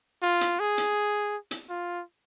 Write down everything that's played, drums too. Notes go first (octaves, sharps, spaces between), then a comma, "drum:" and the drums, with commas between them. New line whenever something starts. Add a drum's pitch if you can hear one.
F4
drum: hi-hat
G#4
drum: hi-hat
drum: hi-hat
F4